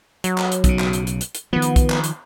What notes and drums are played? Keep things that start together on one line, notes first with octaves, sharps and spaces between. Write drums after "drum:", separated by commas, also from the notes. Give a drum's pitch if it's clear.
F#3, drum: hi-hat
drum: clap
drum: hi-hat
B1 C#3, drum: kick, hi-hat
drum: clap
drum: hi-hat
drum: hi-hat
drum: hi-hat
drum: hi-hat
D#3 F3 B3
drum: hi-hat
drum: kick, hi-hat
drum: clap
drum: hi-hat